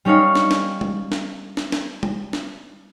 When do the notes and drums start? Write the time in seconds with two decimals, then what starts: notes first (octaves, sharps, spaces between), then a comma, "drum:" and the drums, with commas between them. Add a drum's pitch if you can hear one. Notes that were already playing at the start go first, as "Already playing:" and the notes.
0.05 G3 C#4 D#4 C#5 F5
0.35 drum: snare
0.51 drum: snare
0.81 drum: tom G3
1.12 drum: snare
1.57 drum: snare
1.72 drum: snare
2.03 drum: tom G3
2.33 drum: snare